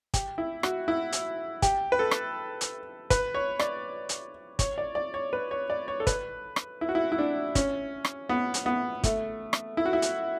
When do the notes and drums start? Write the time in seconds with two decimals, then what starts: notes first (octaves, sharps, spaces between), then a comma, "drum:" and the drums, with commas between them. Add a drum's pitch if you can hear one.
0.14 G4, drum: kick, hi-hat
0.38 E4
0.63 F#4, drum: rim click
0.88 E4
1.13 drum: hi-hat
1.62 G4, drum: kick, hi-hat
1.92 B4
1.99 A4
2.11 drum: rim click
2.61 drum: hi-hat
3.10 B4, drum: kick, hi-hat
3.34 C#5
3.59 D5, drum: rim click
4.09 drum: hi-hat
4.59 C#5, drum: kick, hi-hat
4.78 D5
4.95 D5
5.14 C#5
5.33 B4
5.51 C#5
5.70 D5
5.88 C#5
6.00 A4
6.07 B4, drum: kick, hi-hat
6.56 drum: rim click
6.81 E4
6.89 F#4
6.95 E4
7.12 E4
7.19 D4
7.55 C#4, drum: kick, hi-hat
8.05 drum: rim click
8.29 B3
8.54 drum: hi-hat
8.66 B3
9.04 A3, drum: kick, hi-hat
9.53 drum: rim click
9.77 E4
9.86 F#4
9.93 E4
10.02 drum: hi-hat